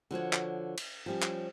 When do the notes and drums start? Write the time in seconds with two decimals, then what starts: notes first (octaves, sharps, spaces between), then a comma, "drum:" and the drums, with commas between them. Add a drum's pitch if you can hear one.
0.11 D3 F3 F#4 C#5
0.33 drum: clap
0.78 drum: cymbal
1.06 F3 G3 C#4
1.22 drum: clap